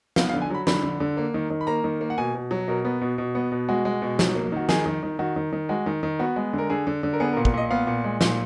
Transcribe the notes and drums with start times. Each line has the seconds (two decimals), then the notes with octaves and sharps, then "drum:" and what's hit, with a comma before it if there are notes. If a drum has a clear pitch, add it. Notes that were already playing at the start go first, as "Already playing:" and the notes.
0.16 B3 F5, drum: snare
0.29 F5
0.33 D3
0.42 G#5
0.50 F#3 B5
0.67 D3 B5, drum: snare
0.83 D3
1.00 D3
1.17 A#3
1.34 D#3
1.50 D#3
1.61 B5
1.67 A#3 A#5
1.84 D#3
2.01 A#3
2.10 F#5
2.18 B2 G#5
2.34 B2
2.51 F#3
2.68 B2 A#4
2.85 B3
3.01 B2
3.18 B2
3.35 B3
3.52 B2
3.68 G#3 F#4
3.85 G#3
4.02 B2
4.19 F#3, drum: snare
4.35 A#3
4.52 D#3 F#4
4.69 D#3 G#4, drum: snare
4.86 D#3
5.03 D#3
5.19 D#3 F#4
5.36 D#3
5.52 D#3
5.69 G#3 F#4
5.86 D#3
6.03 D#3
6.19 B3 F#4
6.36 G#3
6.53 D3 A#4
6.70 D3 G#4
6.87 D3
7.03 D3
7.13 A#4
7.20 B3 G#4
7.33 A#4
7.37 A#2
7.45 A#4, drum: kick
7.54 A#2 D#5
7.71 B3 F5
7.87 A#2
8.04 G#3
8.21 A#2, drum: snare